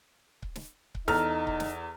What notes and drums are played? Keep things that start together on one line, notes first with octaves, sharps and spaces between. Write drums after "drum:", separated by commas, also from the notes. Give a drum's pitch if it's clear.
drum: kick C#1
drum: snare
drum: kick C#1
E2 D#4 A4 A#5 F6, drum: snare
drum: kick C#1
drum: snare